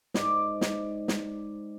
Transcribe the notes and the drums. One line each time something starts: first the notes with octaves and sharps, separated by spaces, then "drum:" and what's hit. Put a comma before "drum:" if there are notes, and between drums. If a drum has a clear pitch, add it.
G#2 D5 D6, drum: snare
drum: snare
drum: snare